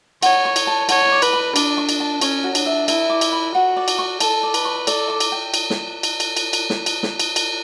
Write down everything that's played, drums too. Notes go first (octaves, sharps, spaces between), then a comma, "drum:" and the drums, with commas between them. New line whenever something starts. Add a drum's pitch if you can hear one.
C#5 F#5, drum: cymbal
C#6
drum: cymbal
A5
C#5 F#5, drum: cymbal
D6
B4, drum: cymbal
B5
D4 D5, drum: cymbal
C#6
drum: cymbal
A5
C#4 C#5, drum: cymbal
F#4
D4, drum: cymbal
E5
E4 E5, drum: cymbal
D6
drum: cymbal
B5
F#4 F#5
D5
drum: cymbal
C#6
A4 A5, drum: cymbal
D5
B4, drum: cymbal
C#6
A4 D5, drum: cymbal
D6
drum: cymbal
G5
drum: cymbal
drum: snare
drum: cymbal
drum: cymbal
drum: cymbal
drum: cymbal
drum: snare
drum: cymbal
drum: snare
drum: cymbal
drum: cymbal